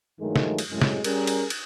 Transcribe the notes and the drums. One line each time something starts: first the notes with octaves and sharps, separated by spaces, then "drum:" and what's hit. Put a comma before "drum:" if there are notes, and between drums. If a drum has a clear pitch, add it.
G2 D#3 F3 F#3 G#3 A3
drum: snare
drum: cymbal
F#2 A2 C3 F#3 G#3
drum: snare
G3 C#4 G#4 A#4, drum: cymbal
drum: cymbal
drum: cymbal